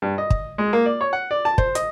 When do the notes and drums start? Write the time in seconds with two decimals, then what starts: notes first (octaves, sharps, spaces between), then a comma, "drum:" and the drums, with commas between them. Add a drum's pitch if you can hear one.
0.02 G2
0.18 D#5
0.30 drum: kick
0.58 G#3
0.73 A#3
0.86 D5
1.01 C#5
1.13 F#5
1.31 D5
1.45 A5
1.58 C5, drum: kick
1.75 D#5, drum: hi-hat